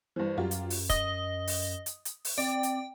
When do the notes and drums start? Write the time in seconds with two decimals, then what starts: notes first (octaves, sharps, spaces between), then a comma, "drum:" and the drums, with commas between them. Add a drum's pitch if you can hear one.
0.16 G2 E3 C5
0.37 F#2 F#3 F4 G4
0.51 drum: hi-hat
0.70 drum: open hi-hat
0.90 D#5 D#6, drum: kick, hi-hat
1.47 drum: open hi-hat
1.86 drum: hi-hat
2.05 drum: hi-hat
2.25 drum: open hi-hat
2.38 C4 D5 G5
2.63 drum: hi-hat